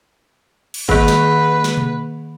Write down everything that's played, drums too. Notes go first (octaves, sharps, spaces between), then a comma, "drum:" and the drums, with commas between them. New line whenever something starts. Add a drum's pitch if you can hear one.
drum: cymbal
D#3 A#3 B4, drum: kick G1
drum: snare
drum: snare
drum: tom B2